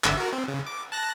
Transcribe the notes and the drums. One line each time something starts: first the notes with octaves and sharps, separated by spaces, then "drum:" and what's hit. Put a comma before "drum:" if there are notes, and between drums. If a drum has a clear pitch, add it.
G#1 D3 E5, drum: clap
F#4 A#4
C4
C#3
D6
A5 F#6 A#6